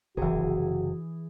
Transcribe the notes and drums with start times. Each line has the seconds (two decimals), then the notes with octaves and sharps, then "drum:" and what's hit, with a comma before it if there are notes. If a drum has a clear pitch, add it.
0.17 F#1 C3 E3 F#4 G#4, drum: kick D1